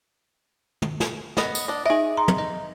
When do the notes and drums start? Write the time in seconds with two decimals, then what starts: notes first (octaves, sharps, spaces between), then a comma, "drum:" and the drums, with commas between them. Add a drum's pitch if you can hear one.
0.82 drum: tom
1.00 drum: snare
1.37 B3 D#5, drum: snare
1.55 drum: tambourine
1.68 D4 D#5
1.86 D#4 G#4 D#5 E5
2.17 A#5 C6
2.28 drum: tom
2.38 D#4